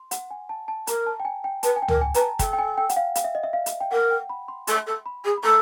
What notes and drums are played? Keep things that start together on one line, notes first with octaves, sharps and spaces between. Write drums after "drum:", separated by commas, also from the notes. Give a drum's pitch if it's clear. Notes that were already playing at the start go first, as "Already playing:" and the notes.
Already playing: C6
F#5, drum: hi-hat
G#5
A5
A5
A#4 A#5, drum: hi-hat
A5
G5
G#5
G5
B4 A5, drum: hi-hat
G#5
G5
A#4, drum: tom
G#5
B4 A#5, drum: hi-hat
A5
A4 G5, drum: kick, hi-hat
G5
G#5
G5
F#5, drum: hi-hat
F5
F5, drum: hi-hat
E5
D#5
E5
F5
drum: hi-hat
G5
A#4 F#5
G5
B5
C6
A4 C6, drum: hi-hat
A4
B5
G#4
B5
A4 A#5